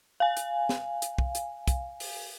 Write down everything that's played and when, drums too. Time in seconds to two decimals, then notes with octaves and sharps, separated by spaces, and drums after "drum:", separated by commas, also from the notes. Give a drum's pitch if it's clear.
0.20 F5 G#5
0.37 drum: hi-hat
0.69 drum: snare
1.02 drum: hi-hat
1.18 drum: kick
1.35 drum: hi-hat
1.68 drum: kick, hi-hat
2.00 drum: open hi-hat